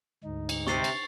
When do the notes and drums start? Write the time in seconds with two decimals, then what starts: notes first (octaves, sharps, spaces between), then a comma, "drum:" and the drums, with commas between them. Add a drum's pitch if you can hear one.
0.24 D2 G#2 D#4
0.49 drum: cymbal
0.67 C3 C#6 A6 C7, drum: snare
0.84 drum: cymbal